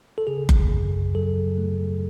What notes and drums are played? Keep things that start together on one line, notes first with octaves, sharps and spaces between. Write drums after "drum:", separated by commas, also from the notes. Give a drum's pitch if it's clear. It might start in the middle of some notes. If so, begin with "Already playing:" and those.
A4
C#3 G#4
drum: kick F#1
F#2
F#3 A4
A3